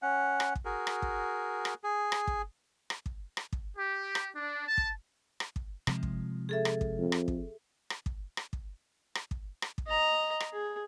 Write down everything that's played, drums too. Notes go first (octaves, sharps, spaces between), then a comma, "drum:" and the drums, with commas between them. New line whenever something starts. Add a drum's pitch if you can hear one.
C#4 F#5
drum: rim click
drum: kick
F#4 G#4 A#4
drum: rim click
drum: kick
drum: rim click
G#4
drum: rim click
drum: kick
drum: rim click
drum: kick
drum: rim click
drum: kick
G4
drum: rim click
D4
A5
drum: kick
drum: rim click
drum: kick
C3 F3 G#3, drum: rim click
drum: kick
G#4 A4 E5
drum: rim click
drum: kick
F2
drum: rim click
drum: kick
drum: rim click
drum: kick
drum: rim click
drum: kick
drum: rim click
drum: kick
drum: rim click
drum: kick
D#5 A#5
drum: rim click
G#4